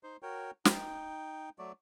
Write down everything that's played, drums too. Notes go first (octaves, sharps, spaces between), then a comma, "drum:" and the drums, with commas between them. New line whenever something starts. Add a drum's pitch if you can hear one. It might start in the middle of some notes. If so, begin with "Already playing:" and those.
D#4 C5
F#4 A#4 C#5 G5
D#4 G5, drum: snare
F#3 A3 D5